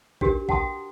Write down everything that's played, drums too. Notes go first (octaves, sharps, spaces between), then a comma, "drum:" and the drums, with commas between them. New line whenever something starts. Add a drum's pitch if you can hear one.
D4 F#4 G4 A#4 B4, drum: kick A#1
F#5 G5 A5 C6 D#6, drum: kick A#1